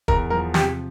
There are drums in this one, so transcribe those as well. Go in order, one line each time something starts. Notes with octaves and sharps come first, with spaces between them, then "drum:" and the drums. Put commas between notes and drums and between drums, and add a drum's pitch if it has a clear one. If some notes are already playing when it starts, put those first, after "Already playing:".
E2 A#4, drum: kick
F3 A#4
C3 G4, drum: snare